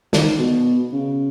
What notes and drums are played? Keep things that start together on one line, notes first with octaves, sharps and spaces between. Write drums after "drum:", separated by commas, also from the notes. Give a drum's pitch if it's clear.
D#3, drum: snare
B2
C#3